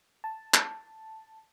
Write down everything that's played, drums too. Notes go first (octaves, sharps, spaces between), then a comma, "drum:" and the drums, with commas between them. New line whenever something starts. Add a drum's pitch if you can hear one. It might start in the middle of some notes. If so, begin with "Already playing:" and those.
A5
drum: clap